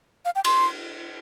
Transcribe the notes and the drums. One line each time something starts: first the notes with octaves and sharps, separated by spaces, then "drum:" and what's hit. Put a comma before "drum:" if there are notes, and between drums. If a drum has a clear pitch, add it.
F5
G5
C6, drum: cymbal